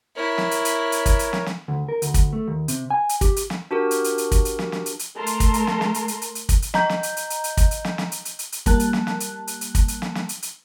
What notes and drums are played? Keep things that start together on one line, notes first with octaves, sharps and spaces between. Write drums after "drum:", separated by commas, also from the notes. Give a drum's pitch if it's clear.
E4 A#4 C#5
drum: snare
drum: hi-hat
drum: hi-hat
drum: hi-hat
drum: kick, hi-hat
drum: hi-hat
drum: snare
drum: snare
D2
A#4
D2, drum: hi-hat
drum: kick, hi-hat
A3
D#2
C3, drum: hi-hat
G#5
drum: hi-hat
G4, drum: kick, hi-hat
drum: hi-hat
drum: snare
D4 F#4 G4 A#4
drum: hi-hat
drum: hi-hat
drum: hi-hat
drum: kick, hi-hat
drum: hi-hat
drum: snare
drum: snare
drum: hi-hat
drum: hi-hat
A3 A#4 A5 A#5 C6
drum: hi-hat
drum: kick, hi-hat
drum: hi-hat
drum: snare
drum: snare
drum: hi-hat
drum: hi-hat
drum: hi-hat
drum: hi-hat
drum: kick, hi-hat
drum: hi-hat
D#5 A#5 G6, drum: snare
drum: snare
drum: hi-hat
drum: hi-hat
drum: hi-hat
drum: hi-hat
drum: kick, hi-hat
drum: hi-hat
drum: snare
drum: snare
drum: hi-hat
drum: hi-hat
drum: hi-hat
drum: hi-hat
G3 A#3 A5 F#6, drum: kick, hi-hat
drum: hi-hat
drum: snare
drum: snare
drum: hi-hat
drum: hi-hat
drum: hi-hat
drum: kick, hi-hat
drum: hi-hat
drum: snare
drum: snare
drum: hi-hat
drum: hi-hat